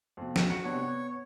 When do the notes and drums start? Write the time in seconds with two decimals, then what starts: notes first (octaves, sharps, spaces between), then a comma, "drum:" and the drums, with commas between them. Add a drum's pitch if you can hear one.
0.17 F2 B2
0.36 F#4, drum: snare
0.50 F#4 C#7
0.64 C3 B3 D4 C#5
0.81 B3